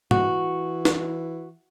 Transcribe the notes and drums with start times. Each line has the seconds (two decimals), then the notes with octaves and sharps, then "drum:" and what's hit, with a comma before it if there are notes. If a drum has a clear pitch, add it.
0.11 E3 F#4, drum: tom
0.85 drum: snare